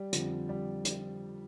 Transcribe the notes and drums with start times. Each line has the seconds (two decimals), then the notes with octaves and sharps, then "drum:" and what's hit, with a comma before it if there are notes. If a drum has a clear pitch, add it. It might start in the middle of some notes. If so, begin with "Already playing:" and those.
Already playing: G3
0.13 F2 D3 F3, drum: hi-hat
0.49 G3
0.85 drum: hi-hat